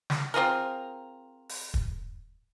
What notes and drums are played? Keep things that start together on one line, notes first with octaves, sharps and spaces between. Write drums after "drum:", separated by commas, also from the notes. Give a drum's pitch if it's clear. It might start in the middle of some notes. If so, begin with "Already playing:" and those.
drum: snare
C4 F4 G#4 A#4
drum: open hi-hat
drum: kick